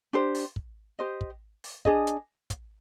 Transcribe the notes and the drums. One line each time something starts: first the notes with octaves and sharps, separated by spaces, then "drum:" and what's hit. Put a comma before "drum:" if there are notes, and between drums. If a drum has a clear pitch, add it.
D4 G4 C5
drum: open hi-hat
drum: kick
G4 C5 D#5
drum: kick
drum: open hi-hat
D4 G#4 D#5, drum: kick
drum: hi-hat
drum: kick, hi-hat